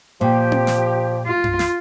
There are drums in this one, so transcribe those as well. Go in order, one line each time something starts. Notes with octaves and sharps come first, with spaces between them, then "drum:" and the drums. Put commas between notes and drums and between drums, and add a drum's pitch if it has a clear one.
A#2 F3 G4
drum: tom C4
drum: snare
F4
drum: tom F#2
drum: snare